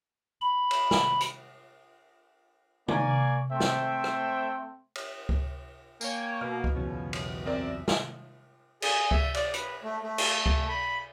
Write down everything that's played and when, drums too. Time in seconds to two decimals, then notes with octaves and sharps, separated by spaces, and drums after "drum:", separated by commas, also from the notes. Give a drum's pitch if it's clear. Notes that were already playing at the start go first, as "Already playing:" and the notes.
0.41 B5
0.71 drum: cymbal
0.91 drum: snare
1.21 drum: hi-hat
2.88 A#3 A#4 D5 G#5 C#6, drum: tom
3.50 A3 C4 C5 E5 G5
3.60 drum: snare
4.04 drum: rim click
4.95 drum: cymbal
5.29 drum: kick C#2
6.01 A#3 C#5 G5 G#5, drum: tambourine
6.41 B2 F6
6.64 drum: kick C#2
6.74 B1 E2 C#3 F3 C#4
7.13 drum: cymbal
7.46 F#2 C4 A#4 D5 E5
7.88 drum: snare
8.82 G#4, drum: cymbal
9.11 E5, drum: kick C#2
9.34 D5, drum: cymbal
9.54 B4, drum: hi-hat
9.83 A3
10.03 A3
10.18 drum: cymbal
10.46 drum: kick C#2
10.69 B5